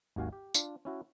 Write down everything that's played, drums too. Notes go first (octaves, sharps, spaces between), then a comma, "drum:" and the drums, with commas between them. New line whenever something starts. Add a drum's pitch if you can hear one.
G#1 D#2 F#4 F5 G#5
G4
D4 F4, drum: tambourine
C#4 E4 F#4